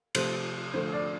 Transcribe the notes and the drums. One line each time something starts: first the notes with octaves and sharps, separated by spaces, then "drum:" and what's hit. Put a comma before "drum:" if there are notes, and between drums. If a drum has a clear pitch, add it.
C3 F3 A3 C5, drum: cymbal
D3 F3 A3 C5
D5